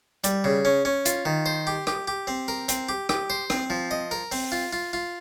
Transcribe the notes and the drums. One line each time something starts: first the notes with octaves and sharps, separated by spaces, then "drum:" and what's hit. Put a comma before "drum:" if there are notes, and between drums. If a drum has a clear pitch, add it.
G3, drum: hi-hat
C#3
C#4
C#4
F4, drum: hi-hat
D#3
C5
G4
G4, drum: rim click
G4
C4
A#4
C4, drum: hi-hat
G4
G4, drum: rim click
C5
C4, drum: rim click
F3
D#5
A#4
C4, drum: open hi-hat
F4
F4
F4